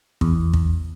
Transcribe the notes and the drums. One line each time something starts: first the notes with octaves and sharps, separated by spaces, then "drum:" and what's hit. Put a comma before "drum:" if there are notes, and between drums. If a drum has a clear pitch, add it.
E2, drum: kick
drum: kick